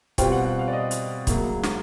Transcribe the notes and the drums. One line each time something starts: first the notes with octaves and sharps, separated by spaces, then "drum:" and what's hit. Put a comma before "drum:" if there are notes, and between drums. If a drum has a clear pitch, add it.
B2 G3 C4 F4 G5, drum: kick, hi-hat
F#5
F#5
F5
D5
D#5
drum: hi-hat
D2 C#3 F#3 A#3, drum: kick, hi-hat
drum: snare